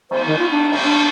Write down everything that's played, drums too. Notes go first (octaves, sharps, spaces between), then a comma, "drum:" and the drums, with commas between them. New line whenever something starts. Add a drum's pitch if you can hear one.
C5, drum: cymbal
D#3
F4
D4
drum: cymbal
D4